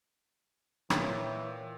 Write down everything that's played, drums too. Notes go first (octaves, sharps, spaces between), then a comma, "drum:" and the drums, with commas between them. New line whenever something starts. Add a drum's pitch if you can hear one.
A#2 E3 C#5 G5, drum: rim click